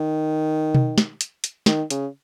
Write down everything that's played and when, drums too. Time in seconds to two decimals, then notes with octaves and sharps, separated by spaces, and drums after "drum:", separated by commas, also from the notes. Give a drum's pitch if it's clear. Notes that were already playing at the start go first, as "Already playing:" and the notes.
Already playing: D#3
0.75 drum: tom B2
0.98 drum: snare
1.21 drum: hi-hat
1.44 drum: hi-hat
1.66 D#3, drum: snare
1.90 C#3, drum: hi-hat